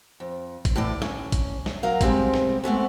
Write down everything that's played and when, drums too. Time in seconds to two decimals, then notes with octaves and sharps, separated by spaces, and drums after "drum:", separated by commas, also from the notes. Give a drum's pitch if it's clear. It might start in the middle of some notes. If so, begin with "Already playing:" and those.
0.20 F2
0.65 drum: kick G#1, hi-hat
0.76 A2 D3 E3 D5
1.02 C#4, drum: snare
1.32 drum: kick G#1, hi-hat
1.66 drum: snare
1.83 F#3 A#4 F5
2.01 B2 G3 G#3 C4 F4, drum: kick G#1, hi-hat
2.34 drum: snare
2.64 G#3 A3 B3 C4